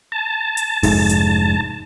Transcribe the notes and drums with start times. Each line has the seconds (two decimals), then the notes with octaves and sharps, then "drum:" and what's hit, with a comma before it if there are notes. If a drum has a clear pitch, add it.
0.12 A5
0.57 drum: hi-hat
0.83 F1 G#2, drum: open hi-hat
1.09 drum: hi-hat